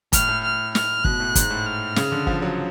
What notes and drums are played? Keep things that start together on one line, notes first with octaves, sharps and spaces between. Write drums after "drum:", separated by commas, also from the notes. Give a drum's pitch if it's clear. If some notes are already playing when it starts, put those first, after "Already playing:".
A2 F6, drum: kick, hi-hat
A2
F6
F6, drum: snare
B2 F#6, drum: kick
A2
G#2, drum: kick, hi-hat
A2
F6
C#3, drum: snare
D3
F3, drum: kick
F#3